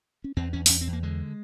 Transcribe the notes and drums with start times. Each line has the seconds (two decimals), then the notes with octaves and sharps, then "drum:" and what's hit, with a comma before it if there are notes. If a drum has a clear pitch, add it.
0.24 C#4
0.37 E2 C4
0.53 E2 C#4
0.66 C4, drum: open hi-hat
0.69 E2 C#4
0.81 C4
0.87 E2
0.93 A#3
1.03 D3 G#3